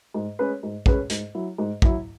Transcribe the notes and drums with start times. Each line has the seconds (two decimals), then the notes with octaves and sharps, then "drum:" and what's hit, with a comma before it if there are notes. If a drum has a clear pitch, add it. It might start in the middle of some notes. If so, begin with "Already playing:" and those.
0.14 G#2
0.39 G#3 C#4 G#4 B4
0.63 G#2
0.86 G#3 C#4 G#4 B4, drum: kick
1.10 G#2, drum: hi-hat
1.35 F#3 E4
1.58 G#2
1.82 F#3 E4, drum: kick